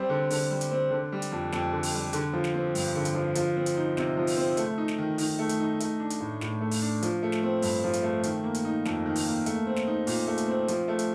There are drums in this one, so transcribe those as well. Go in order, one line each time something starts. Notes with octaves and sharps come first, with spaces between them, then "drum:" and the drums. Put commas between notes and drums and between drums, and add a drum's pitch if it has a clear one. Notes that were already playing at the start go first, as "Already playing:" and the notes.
Already playing: G3 C4
D3
D3, drum: open hi-hat
G3
drum: hi-hat
C4
D3
G3
drum: hi-hat
F2
F2, drum: snare
D3
drum: open hi-hat
G3
D3, drum: hi-hat
F3
drum: snare
C4
G2, drum: open hi-hat
D3
drum: hi-hat
F3
F3, drum: hi-hat
C4
drum: hi-hat
D#4
C3, drum: snare
F3
drum: open hi-hat
C4
A3, drum: hi-hat
D#4
drum: snare
D#3
D#3, drum: open hi-hat
A3
drum: hi-hat
D#4
A3, drum: hi-hat
D4
drum: hi-hat
A2
A2, drum: snare
A3
drum: open hi-hat
D4
F3, drum: hi-hat
A3
drum: snare
C4
G2, drum: open hi-hat
F3
drum: hi-hat
A3
D#3, drum: hi-hat
A#3
drum: hi-hat
D#4
F2, drum: snare
D#3
drum: open hi-hat
A#3
A3, drum: hi-hat
C4
drum: snare
D#4
A#2, drum: open hi-hat
A3
drum: hi-hat
C4
F3, drum: hi-hat
A3
drum: hi-hat